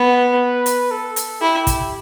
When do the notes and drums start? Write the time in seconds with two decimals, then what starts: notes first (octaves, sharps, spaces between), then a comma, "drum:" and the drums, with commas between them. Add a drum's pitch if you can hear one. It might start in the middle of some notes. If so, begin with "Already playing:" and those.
Already playing: B3 B4
0.66 drum: hi-hat
0.91 A4
1.16 drum: hi-hat
1.41 E4 G4
1.67 drum: kick, hi-hat